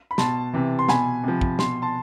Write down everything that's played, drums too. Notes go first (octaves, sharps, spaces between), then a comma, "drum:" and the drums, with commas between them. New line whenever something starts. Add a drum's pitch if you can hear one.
B5
B2 A5 C6, drum: snare
C3 E3
C6
B2 G#5 B5, drum: snare
C3 F3
drum: kick
B2 C6, drum: snare
A5 C6